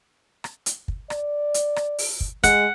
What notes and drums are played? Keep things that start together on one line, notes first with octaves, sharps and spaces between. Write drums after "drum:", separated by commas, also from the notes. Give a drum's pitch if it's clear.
drum: rim click
drum: hi-hat
drum: kick
D5, drum: rim click
drum: hi-hat
drum: rim click
drum: open hi-hat
drum: kick
G#3 F#5, drum: kick, hi-hat